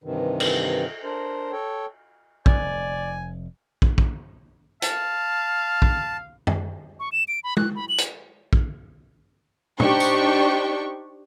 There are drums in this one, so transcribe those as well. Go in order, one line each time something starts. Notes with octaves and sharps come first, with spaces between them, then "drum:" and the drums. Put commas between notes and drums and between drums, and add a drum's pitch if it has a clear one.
G2 C3 D#3 E3
drum: cymbal
D4 A#4 C5
A4 C#5 G5
F1 D5 G#5, drum: kick
drum: kick
drum: kick
F5 A5, drum: hi-hat
drum: kick
drum: tom
C#6
E7
D7
B5
F#6, drum: tom
B5
F#7
drum: hi-hat
drum: kick
D4 D#4 G4 C5 G5 C#6, drum: tom
drum: tambourine